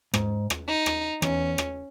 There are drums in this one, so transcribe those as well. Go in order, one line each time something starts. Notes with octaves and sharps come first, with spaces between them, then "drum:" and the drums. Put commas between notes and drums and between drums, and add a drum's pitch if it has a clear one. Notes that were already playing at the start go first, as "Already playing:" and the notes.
G#2, drum: rim click
drum: rim click
D#4
drum: rim click
E2 C#4, drum: rim click
drum: rim click